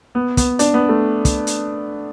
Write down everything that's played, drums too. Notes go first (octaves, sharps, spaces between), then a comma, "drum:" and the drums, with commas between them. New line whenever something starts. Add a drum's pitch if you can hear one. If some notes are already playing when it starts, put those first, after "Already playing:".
B3
B3, drum: kick, hi-hat
D4, drum: hi-hat
B3
A3
drum: kick, hi-hat
drum: hi-hat